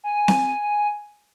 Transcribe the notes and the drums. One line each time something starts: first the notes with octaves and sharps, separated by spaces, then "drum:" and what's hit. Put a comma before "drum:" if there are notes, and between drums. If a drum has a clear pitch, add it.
G#5
drum: snare C4